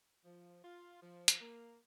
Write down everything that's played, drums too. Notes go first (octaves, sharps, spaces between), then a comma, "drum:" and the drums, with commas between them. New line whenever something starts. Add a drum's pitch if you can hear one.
F3
F4
F3
drum: hi-hat
A#3